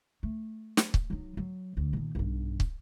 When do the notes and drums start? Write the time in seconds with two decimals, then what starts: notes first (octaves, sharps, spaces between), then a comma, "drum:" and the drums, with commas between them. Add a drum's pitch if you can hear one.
0.23 A3
0.77 drum: snare
0.94 drum: kick
1.10 F#3 D#4
1.37 F#3
1.77 D2
1.93 A#2 D#3
2.15 B1 G2
2.60 drum: kick